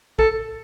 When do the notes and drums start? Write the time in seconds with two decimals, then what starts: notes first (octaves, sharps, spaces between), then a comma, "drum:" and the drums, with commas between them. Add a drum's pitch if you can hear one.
0.19 A4, drum: kick